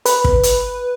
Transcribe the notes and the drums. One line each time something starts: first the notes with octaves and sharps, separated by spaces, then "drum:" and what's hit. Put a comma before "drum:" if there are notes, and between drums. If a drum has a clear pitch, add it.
B4, drum: hi-hat
drum: kick
drum: hi-hat